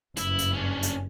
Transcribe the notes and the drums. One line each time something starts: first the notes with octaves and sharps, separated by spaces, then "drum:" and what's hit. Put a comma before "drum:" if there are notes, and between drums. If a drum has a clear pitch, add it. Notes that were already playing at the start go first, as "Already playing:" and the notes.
F#1 G2 E4, drum: hi-hat
drum: hi-hat
C#4 D4
drum: hi-hat